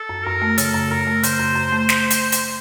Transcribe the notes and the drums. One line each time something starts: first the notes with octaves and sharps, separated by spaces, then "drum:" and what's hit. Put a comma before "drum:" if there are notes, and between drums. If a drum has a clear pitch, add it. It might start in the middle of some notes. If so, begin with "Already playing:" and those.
Already playing: A4
F#2
F#2 A#4
A3
C#3 A4, drum: hi-hat
F#2
F#2 A#4
A3
C#3 C5, drum: hi-hat
F#2
F#2
A3
drum: snare
drum: hi-hat
drum: hi-hat